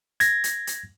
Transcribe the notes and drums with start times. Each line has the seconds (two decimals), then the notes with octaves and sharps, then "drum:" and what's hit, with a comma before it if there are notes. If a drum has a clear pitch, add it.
0.20 G#6 A#6, drum: hi-hat
0.44 drum: hi-hat
0.67 drum: hi-hat